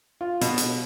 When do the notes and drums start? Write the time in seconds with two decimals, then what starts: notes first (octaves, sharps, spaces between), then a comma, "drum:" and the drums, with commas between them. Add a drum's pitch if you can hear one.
0.21 F4
0.41 B2, drum: hi-hat
0.58 drum: hi-hat